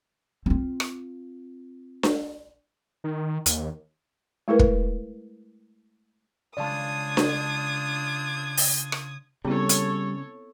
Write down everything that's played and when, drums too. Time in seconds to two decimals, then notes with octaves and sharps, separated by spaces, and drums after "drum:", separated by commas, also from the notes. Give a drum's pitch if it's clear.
0.46 C4 F4
0.80 drum: rim click
2.03 drum: snare D4
3.04 D#3
3.46 D#2, drum: hi-hat
4.48 G#3 A3 E4 G#4 A#4 B4
4.59 drum: kick
6.57 C#3 G#3 D4 F4 D5 A5 D#6 G#6
7.17 drum: snare D4
8.57 drum: open hi-hat
8.92 drum: rim click
9.45 C#3 G3 B3 C4 E4 A4 C#5
9.69 drum: hi-hat